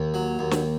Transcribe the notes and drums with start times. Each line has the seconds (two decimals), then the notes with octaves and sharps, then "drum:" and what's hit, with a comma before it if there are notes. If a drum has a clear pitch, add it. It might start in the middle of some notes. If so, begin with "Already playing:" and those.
Already playing: D#2
0.14 F#3
0.39 D#2
0.51 drum: snare